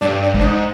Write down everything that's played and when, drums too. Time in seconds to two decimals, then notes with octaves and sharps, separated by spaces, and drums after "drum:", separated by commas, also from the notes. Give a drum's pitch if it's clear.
0.01 G2 D4
0.23 D4
0.34 G#2, drum: kick
0.40 D4
0.45 D#4